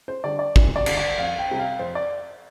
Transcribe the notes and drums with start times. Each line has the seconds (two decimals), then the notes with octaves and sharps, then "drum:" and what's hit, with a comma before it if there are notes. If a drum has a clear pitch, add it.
0.08 C5
0.24 D3 G3 D4 D5
0.39 D5
0.56 D2, drum: kick
0.76 D5
0.86 D3 G3 D4, drum: cymbal
0.97 D5
1.18 F2 F5
1.38 G5
1.48 C3 G3 C4
1.59 F5
1.79 F2 C5
1.95 D5